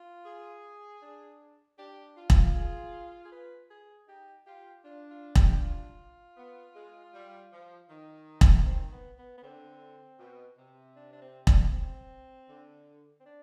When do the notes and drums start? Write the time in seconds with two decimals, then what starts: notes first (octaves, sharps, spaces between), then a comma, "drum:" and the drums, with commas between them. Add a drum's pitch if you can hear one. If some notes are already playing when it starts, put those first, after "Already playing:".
Already playing: F4
0.26 G#4
1.02 D4
1.79 D4 G4
2.17 F4
2.30 drum: kick E1
2.55 G#4
3.25 G#4
3.32 B4
3.70 G#4
4.08 D#4 G4
4.46 F4 G4
4.84 D4 F4
5.10 F4
5.35 G4, drum: kick E1
5.61 F4
6.37 B3
6.75 G#3
7.14 G3
7.52 F3
7.90 D#3
8.41 drum: kick E1
8.66 C4
8.92 B3
9.18 B3
9.38 B3
9.43 D3 C4
10.19 B2
10.58 C3
10.96 D4
11.13 D4
11.22 C4
11.47 D4, drum: kick E1
11.73 C4
12.49 D3
13.20 C4
13.25 D4